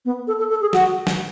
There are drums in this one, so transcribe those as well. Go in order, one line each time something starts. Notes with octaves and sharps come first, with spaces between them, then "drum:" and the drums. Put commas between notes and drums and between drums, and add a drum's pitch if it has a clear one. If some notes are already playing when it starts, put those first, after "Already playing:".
B3
A4
A4
A4
G#4
F#4, drum: snare
drum: snare